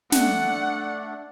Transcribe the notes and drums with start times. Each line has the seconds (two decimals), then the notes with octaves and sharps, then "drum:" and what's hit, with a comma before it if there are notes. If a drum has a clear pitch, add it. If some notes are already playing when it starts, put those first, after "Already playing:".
0.12 A3 D4 F#5, drum: snare